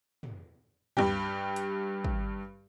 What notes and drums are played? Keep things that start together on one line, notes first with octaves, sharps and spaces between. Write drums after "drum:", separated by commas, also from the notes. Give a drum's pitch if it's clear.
drum: tom
G2 G3 G4, drum: tom
drum: hi-hat
drum: kick